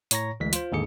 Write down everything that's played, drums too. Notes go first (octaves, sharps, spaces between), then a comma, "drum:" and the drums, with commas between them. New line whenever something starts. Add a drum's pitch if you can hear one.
A2 C#5 A#5 C#6 A#6, drum: hi-hat
D2 E3 G#3 B6
F4 C5, drum: hi-hat
D#2 G#2 D3 G#4 C#7